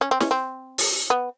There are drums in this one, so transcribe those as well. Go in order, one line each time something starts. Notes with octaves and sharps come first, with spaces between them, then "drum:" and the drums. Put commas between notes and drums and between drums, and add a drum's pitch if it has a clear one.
C#4
C4
C#4, drum: snare
C4
drum: open hi-hat
B3